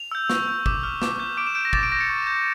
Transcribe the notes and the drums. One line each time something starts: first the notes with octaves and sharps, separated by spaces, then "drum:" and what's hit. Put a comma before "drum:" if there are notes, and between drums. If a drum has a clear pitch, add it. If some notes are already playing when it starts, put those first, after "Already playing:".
Already playing: F7
E6 G6
C#6, drum: snare
E6 G6
D6, drum: kick
F6
D6, drum: snare
G6
D6 D7
E7
G6 D7
A#6
D6 A6, drum: kick
D7
G6 A#6
C#7
C#6
G6